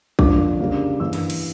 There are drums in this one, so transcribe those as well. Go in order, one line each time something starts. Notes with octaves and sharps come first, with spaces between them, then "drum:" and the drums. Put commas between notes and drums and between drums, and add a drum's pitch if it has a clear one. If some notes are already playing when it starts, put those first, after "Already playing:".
F2 D3 F3 A#3 D4 D6, drum: kick B1
C#3 G3 A#3 D4
G2 E3 A#3 E6
drum: cymbal
drum: cymbal